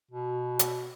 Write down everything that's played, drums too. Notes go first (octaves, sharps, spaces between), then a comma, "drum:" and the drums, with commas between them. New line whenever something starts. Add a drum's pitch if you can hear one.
B2
drum: hi-hat